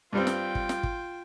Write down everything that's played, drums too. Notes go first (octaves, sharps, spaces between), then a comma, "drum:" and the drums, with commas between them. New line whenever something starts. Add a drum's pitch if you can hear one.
G2 G3 C4 F4 G5
drum: snare
drum: kick G#1
drum: snare
drum: kick G#1